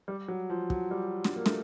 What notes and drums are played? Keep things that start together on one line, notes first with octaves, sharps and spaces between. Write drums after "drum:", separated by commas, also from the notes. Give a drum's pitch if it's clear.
G3
F#3
F3
F#3, drum: kick
G3
drum: snare
A#3
A3, drum: snare